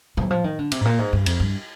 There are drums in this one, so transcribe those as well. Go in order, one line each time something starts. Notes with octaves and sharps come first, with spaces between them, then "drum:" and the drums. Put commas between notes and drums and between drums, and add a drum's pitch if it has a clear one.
D#3, drum: tom
F3
D#3
D3
C3, drum: cymbal
G#2
A#2
G#2
G2
F2, drum: cymbal
G2